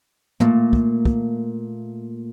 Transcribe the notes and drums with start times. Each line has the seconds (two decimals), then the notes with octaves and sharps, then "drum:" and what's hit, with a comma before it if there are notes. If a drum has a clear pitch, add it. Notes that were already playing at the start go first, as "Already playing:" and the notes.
0.40 A#2 A3 A#3, drum: tom
0.73 drum: kick
1.05 drum: kick